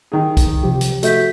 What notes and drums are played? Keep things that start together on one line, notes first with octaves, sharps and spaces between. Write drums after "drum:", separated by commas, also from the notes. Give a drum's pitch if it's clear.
D#3 G#4
drum: kick, hi-hat
C3 F3 G4
drum: hi-hat
A3 F#4 E5 G6 B6, drum: hi-hat